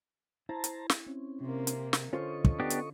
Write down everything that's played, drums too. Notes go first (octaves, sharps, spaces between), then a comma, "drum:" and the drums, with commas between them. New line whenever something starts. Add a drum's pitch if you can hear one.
E4 C5 A5 A#5
drum: hi-hat
drum: snare
C4 C#4
C3 A#3
drum: hi-hat
drum: snare
D3 C#4 F4 A4 C5 D#5 C#6
drum: kick
B3 D4 G4
drum: hi-hat